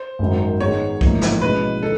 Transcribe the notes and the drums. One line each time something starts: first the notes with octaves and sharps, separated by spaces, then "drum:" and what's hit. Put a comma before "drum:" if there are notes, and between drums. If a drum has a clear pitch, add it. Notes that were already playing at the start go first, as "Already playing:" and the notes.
Already playing: C5
G#1 F#2 D#3 F#3
G#2 D#3 G#3 B3 C#5
A1 G#2 F3 A#3, drum: kick
drum: snare
B2 G#3 C#4 E4 B4
D#3 A4